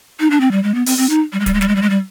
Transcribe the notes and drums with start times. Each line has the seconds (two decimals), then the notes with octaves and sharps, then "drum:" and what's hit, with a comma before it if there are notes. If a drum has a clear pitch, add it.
0.20 D#4
0.30 D4
0.41 C4
0.52 G3
0.63 G#3
0.75 B3
0.86 C4, drum: open hi-hat
0.98 C4
1.10 D#4
1.33 G3
1.40 G#3
1.46 G3, drum: kick, hi-hat
1.54 G#3
1.61 G3, drum: snare
1.68 G#3
1.76 G3
1.82 G#3
1.90 G3